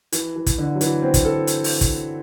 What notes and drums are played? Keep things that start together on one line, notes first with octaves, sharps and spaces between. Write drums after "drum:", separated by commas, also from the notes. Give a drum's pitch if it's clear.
E3, drum: hi-hat
E3
drum: kick, hi-hat
D3
F#3
E3, drum: hi-hat
C4
drum: kick, hi-hat
A4
drum: hi-hat
drum: open hi-hat
drum: kick, hi-hat